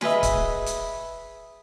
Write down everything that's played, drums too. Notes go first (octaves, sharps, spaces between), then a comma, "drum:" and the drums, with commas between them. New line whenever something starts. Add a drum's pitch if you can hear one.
G#4 B4 D#5 E5, drum: snare
drum: kick C#1, hi-hat
drum: hi-hat